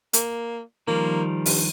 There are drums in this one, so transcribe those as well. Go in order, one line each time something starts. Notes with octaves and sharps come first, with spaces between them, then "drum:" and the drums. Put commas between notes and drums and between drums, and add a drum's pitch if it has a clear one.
A#3, drum: hi-hat
D#3 F3 G3 A#3
G2, drum: open hi-hat